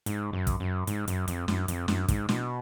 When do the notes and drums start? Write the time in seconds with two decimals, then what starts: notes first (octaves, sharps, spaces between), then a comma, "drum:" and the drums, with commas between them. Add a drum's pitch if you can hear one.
0.06 G#2, drum: hi-hat
0.33 F#2
0.47 drum: kick, hi-hat
0.60 F#2
0.87 G#2, drum: hi-hat
1.08 F#2, drum: hi-hat
1.28 F2, drum: hi-hat
1.48 F#2, drum: snare
1.68 F2, drum: hi-hat
1.88 F#2, drum: snare
2.08 G#2, drum: kick, hi-hat
2.29 B2, drum: snare